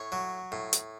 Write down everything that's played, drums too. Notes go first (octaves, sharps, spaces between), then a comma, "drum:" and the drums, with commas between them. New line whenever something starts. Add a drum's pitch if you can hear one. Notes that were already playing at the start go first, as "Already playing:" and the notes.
Already playing: A2 C#5
F#3
A2
drum: hi-hat